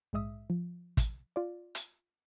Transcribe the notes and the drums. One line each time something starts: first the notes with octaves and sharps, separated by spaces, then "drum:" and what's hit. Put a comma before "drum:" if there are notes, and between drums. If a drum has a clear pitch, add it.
A#1 G#2 G#3 D#5 E5 D#6
F3
drum: kick, hi-hat
F4 D5
drum: hi-hat